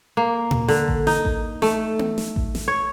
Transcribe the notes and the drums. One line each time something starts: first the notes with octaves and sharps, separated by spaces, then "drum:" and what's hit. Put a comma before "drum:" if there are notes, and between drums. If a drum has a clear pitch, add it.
A#3
drum: tom A#2
D3, drum: snare
drum: kick A1
D#4, drum: snare
drum: kick A1
A3, drum: snare
drum: tom B3
drum: snare
drum: kick A1
drum: snare
C#5